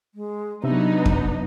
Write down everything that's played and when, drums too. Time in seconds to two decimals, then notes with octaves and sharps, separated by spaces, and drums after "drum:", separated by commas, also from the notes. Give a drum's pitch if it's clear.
0.15 G#3
0.64 C3 F#3 B3 D4 D#4 E5
1.06 drum: kick F2